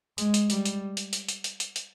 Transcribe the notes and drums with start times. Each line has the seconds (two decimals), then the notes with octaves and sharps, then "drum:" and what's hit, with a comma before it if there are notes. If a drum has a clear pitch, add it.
0.18 G#3, drum: hi-hat
0.34 drum: hi-hat
0.50 G3, drum: hi-hat
0.65 drum: hi-hat
0.97 drum: hi-hat
1.13 drum: hi-hat
1.28 drum: hi-hat
1.44 drum: hi-hat
1.60 drum: hi-hat
1.76 drum: hi-hat